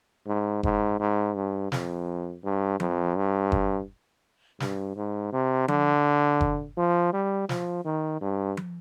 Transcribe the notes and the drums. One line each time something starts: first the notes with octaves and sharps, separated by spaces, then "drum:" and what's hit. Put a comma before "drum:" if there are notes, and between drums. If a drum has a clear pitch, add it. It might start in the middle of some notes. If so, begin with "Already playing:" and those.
G#2
G#2, drum: kick F#1
G#2
G2
F2, drum: snare
G2
F2, drum: tom F3
G2
drum: kick F#1
G2, drum: snare
G#2
C3
D3, drum: tom F3
drum: kick F#1
F3
G3
F3, drum: snare
D#3
G2
drum: tom F3